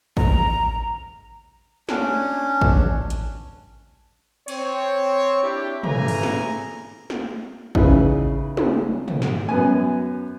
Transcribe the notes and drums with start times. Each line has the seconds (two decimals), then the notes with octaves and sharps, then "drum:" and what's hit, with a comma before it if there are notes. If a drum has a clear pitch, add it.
0.17 A#5, drum: kick A1
1.89 C#4 D4, drum: snare
2.61 drum: kick A1
3.10 drum: hi-hat
4.48 C4 C#5, drum: cymbal
5.43 D4 E4 G4
5.83 C#3 E3 A3 G#5 A#5, drum: tom
6.08 drum: cymbal
6.23 drum: snare
7.10 drum: snare
7.75 C#3 D#4 E4 B4, drum: kick A1
8.57 drum: tom
9.08 drum: tom
9.22 drum: snare
9.49 F#2 B3 G#5